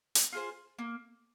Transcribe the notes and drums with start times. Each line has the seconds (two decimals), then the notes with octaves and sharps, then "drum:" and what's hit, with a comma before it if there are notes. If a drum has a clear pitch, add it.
0.15 drum: hi-hat
0.32 F4 G#4 C5
0.79 A#3